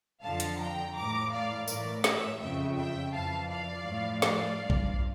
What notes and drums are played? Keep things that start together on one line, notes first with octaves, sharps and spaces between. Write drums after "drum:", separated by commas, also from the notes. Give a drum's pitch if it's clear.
F2 D3 F3 F5 A5
drum: hi-hat
G5 A#5
A2 E3 A#5 D6
D5 F5
A2 E3 A#4 D5, drum: tambourine
C#5 E5, drum: snare
F2 C#3 F3 E5 G5
E5 G5
F2 E3 F5 A5
D5 F5
A2 F3
D5 F5, drum: snare
G2 F3
drum: kick A1